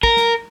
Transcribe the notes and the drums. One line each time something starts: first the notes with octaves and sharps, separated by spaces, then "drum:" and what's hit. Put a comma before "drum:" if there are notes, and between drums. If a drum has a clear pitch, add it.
A#4, drum: kick
drum: snare